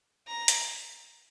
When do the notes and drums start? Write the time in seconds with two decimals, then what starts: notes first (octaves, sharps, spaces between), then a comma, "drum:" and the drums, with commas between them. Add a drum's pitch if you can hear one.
0.27 A#5
0.48 drum: hi-hat